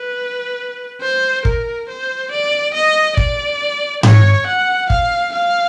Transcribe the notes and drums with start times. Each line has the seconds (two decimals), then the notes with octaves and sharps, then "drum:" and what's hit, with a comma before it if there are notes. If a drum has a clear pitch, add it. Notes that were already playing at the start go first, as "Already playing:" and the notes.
Already playing: B4
1.01 C5
1.45 A#4, drum: kick
1.88 C5
2.31 D5
2.74 D#5
3.17 D5, drum: kick
4.03 C#5, drum: tom G#2
4.47 F#5
4.90 F5, drum: kick
5.32 F5